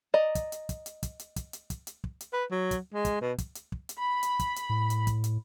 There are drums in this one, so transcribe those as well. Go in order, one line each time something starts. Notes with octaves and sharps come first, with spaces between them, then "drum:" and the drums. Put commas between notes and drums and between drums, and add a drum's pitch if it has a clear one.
D5 D#5 A#5
drum: kick, hi-hat
drum: hi-hat
drum: kick, hi-hat
drum: hi-hat
drum: kick, hi-hat
drum: hi-hat
drum: kick, hi-hat
drum: hi-hat
drum: kick, hi-hat
drum: hi-hat
drum: kick
drum: hi-hat
B4
F#3
drum: kick, hi-hat
G#3
drum: kick, hi-hat
B2
drum: kick, hi-hat
drum: hi-hat
drum: kick
drum: hi-hat
B5
drum: hi-hat
drum: kick, hi-hat
drum: hi-hat
A2
drum: hi-hat
drum: kick, hi-hat
drum: hi-hat